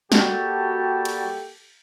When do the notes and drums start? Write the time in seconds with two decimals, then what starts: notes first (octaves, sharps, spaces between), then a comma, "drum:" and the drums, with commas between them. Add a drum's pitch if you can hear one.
0.12 G3 A#3 F#4 G4 A4 A5, drum: snare
1.05 drum: cymbal